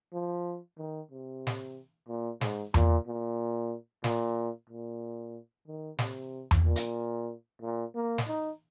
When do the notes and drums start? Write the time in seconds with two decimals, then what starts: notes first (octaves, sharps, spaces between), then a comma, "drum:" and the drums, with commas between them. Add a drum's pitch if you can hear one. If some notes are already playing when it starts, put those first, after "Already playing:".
0.13 F3
0.78 D#3
1.11 C3
1.47 drum: snare
2.08 A#2
2.41 G#2, drum: snare
2.74 A#2, drum: tom E2
3.07 A#2
4.04 A#2, drum: snare
4.70 A#2
5.67 D#3
5.99 C3, drum: snare
6.51 drum: tom E2
6.65 A#2
6.76 drum: hi-hat
7.62 A#2
7.95 A#3
8.18 drum: snare
8.28 D#4